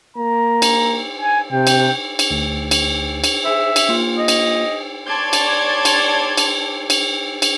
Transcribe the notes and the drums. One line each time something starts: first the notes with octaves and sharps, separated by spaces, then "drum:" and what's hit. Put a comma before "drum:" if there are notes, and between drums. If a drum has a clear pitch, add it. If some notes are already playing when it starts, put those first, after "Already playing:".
A#3 A#5
drum: cymbal
G#5
C3 G5
drum: cymbal
drum: cymbal
D2
drum: cymbal
drum: cymbal
G#4 C5 E5
drum: cymbal
A#3 F4 F5
D#5
drum: cymbal
C#5 D5 A5 C6 D6 G#6
drum: cymbal
drum: cymbal
drum: cymbal
drum: cymbal
drum: cymbal